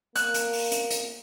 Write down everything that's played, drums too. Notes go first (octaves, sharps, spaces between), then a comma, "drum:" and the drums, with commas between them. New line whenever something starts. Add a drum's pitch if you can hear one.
A#3 F#6, drum: hi-hat
drum: hi-hat
drum: open hi-hat
drum: hi-hat
drum: hi-hat